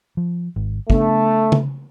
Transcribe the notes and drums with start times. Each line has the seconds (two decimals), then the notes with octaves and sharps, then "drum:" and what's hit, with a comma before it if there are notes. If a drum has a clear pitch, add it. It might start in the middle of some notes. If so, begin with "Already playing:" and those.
0.17 F3
0.56 G#1
0.90 C#3 A3 B3 D4, drum: kick
1.52 drum: tom C#3